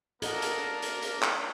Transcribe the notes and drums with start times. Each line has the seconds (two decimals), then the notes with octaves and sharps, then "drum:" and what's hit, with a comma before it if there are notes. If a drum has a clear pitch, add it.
0.22 A#3 D4 A4 A#4 D#5 F#5, drum: hi-hat
0.42 drum: hi-hat
0.82 drum: hi-hat
1.03 drum: hi-hat
1.23 drum: clap